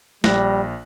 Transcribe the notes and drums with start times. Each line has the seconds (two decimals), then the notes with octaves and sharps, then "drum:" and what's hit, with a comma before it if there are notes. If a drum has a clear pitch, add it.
0.24 A#1 G3 F#6 A#6, drum: snare